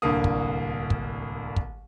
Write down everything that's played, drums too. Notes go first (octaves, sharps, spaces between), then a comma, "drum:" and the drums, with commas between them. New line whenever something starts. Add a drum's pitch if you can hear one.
D1 C2 D3 A#3 D#6
drum: kick
drum: kick
drum: kick